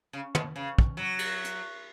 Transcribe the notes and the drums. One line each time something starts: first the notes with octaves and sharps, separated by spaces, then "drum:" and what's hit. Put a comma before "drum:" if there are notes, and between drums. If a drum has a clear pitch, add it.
C#3
B2, drum: tom
C#3
drum: kick
F#3
drum: cymbal
drum: hi-hat